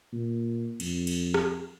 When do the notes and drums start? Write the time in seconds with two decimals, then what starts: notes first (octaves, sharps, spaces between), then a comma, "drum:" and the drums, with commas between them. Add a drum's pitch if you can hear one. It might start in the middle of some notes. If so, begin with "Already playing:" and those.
0.12 A#2
0.80 F2, drum: cymbal
1.07 drum: cymbal
1.34 drum: rim click